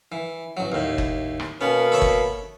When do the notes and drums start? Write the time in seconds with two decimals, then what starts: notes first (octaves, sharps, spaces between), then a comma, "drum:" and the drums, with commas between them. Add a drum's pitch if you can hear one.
0.12 E3
0.57 A1 F#3
0.72 D#2 A2
0.98 drum: kick
1.40 drum: rim click
1.61 B2 A#3 B3 C#4
1.92 A4 C#5 E5
2.02 drum: kick